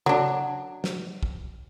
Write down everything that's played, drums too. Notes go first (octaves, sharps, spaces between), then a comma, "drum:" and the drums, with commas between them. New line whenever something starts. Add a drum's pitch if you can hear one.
F#3 D4, drum: tom C#3
drum: snare
drum: kick